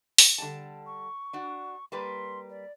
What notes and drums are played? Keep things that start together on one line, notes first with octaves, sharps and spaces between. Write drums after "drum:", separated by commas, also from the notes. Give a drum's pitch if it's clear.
drum: open hi-hat
D3 G3 A5
C#6
D4 F#4
G3 A#3 B4 C6
D5